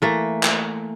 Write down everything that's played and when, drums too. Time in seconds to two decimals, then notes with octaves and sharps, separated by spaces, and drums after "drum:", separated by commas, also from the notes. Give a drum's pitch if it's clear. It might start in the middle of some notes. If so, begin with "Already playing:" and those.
0.02 E3 A3 A#3
0.43 drum: clap